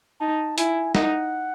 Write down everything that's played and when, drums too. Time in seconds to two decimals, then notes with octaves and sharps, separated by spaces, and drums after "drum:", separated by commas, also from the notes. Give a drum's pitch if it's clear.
0.21 D#4 A5
0.58 E4 G#5, drum: hi-hat
0.95 D#4 F#5, drum: snare